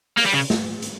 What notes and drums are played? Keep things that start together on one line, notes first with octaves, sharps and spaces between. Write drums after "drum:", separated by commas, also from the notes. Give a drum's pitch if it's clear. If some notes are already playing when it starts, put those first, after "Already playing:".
A#3, drum: open hi-hat
G3
C#3
drum: snare
drum: hi-hat